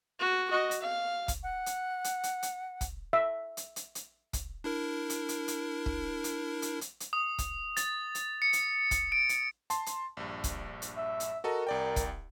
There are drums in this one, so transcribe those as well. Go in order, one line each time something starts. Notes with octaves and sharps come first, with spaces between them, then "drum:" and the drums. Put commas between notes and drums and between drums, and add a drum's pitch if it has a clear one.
F#4
F#4 D#5
drum: hi-hat
F5
drum: kick, hi-hat
F#5
drum: hi-hat
drum: hi-hat
drum: hi-hat
drum: hi-hat
drum: kick, hi-hat
E5
drum: hi-hat
drum: hi-hat
drum: hi-hat
drum: kick, hi-hat
D4 E4 A#4
drum: hi-hat
drum: hi-hat
drum: hi-hat
drum: kick
drum: hi-hat
drum: hi-hat
drum: hi-hat
drum: hi-hat
D#6
drum: kick, hi-hat
A6, drum: hi-hat
drum: hi-hat
C#7
drum: hi-hat
drum: kick, hi-hat
D7
drum: hi-hat
A5 C6, drum: hi-hat
drum: hi-hat
A#1 G2
drum: kick, hi-hat
drum: hi-hat
E5
drum: hi-hat
F#4 A4 A#4 D#5
C2 D5 G5
drum: kick, hi-hat